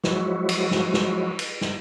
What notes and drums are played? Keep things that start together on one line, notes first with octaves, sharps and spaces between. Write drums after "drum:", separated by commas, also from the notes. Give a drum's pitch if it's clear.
F3 F#3 G#3 E4 F#4, drum: snare
drum: cymbal
drum: snare
drum: snare
drum: cymbal
drum: snare